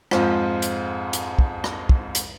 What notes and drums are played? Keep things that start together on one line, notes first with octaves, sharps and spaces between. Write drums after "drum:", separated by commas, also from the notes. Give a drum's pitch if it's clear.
F2 G#2 F4 C5, drum: rim click
drum: hi-hat
drum: hi-hat
drum: kick
drum: rim click
drum: kick
drum: hi-hat